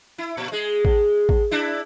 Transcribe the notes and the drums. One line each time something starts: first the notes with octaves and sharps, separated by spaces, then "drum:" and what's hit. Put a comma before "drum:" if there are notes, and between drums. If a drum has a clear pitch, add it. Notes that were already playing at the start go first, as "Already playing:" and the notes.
E4
A#2
G#3 G#4
drum: kick A1
drum: kick A1
D4 E4